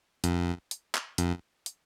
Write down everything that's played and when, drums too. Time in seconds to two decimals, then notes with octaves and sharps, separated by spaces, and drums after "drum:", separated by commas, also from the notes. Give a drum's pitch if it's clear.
0.24 F2, drum: hi-hat
0.71 drum: hi-hat
0.95 drum: clap
1.18 F2, drum: hi-hat
1.66 drum: hi-hat